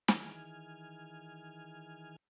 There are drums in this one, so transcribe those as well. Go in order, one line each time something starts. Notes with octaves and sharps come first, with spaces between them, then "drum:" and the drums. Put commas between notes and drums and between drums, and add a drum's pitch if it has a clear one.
D#3 E3 G#4 G#5 F6, drum: snare